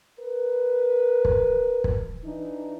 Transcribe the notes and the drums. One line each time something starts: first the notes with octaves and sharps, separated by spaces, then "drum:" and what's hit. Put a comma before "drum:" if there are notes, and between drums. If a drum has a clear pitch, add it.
A#4 B4
drum: kick
drum: kick
E3 D4 D#4